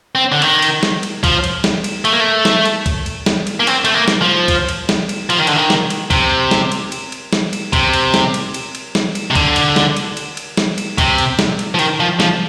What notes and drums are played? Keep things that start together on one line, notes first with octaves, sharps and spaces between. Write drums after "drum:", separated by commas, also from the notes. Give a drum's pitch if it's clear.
C4
D3
D#3, drum: cymbal
drum: cymbal
drum: snare
drum: cymbal
F3, drum: kick, cymbal
drum: cymbal
drum: snare
drum: cymbal
A3, drum: cymbal
A#3
A3
drum: snare
drum: cymbal
drum: kick, cymbal
drum: cymbal
drum: snare
drum: cymbal
A#3
C4, drum: cymbal
A3, drum: cymbal
A#3
drum: snare
F3
drum: kick, cymbal
drum: cymbal
drum: snare
drum: cymbal
F3, drum: cymbal
D#3
D3, drum: cymbal
D#3
drum: snare
drum: cymbal
C3, drum: kick, cymbal
drum: snare
drum: cymbal
drum: cymbal
drum: cymbal
drum: snare
drum: cymbal
C3, drum: kick, cymbal
drum: cymbal
drum: snare
drum: cymbal
drum: cymbal
drum: cymbal
drum: snare
drum: cymbal
C3
D3, drum: kick, cymbal
drum: cymbal
drum: snare
drum: cymbal
drum: cymbal
drum: cymbal
drum: snare
drum: cymbal
C3, drum: kick, cymbal
drum: cymbal
drum: snare
drum: cymbal
F3
D#3, drum: cymbal
F3
F3, drum: snare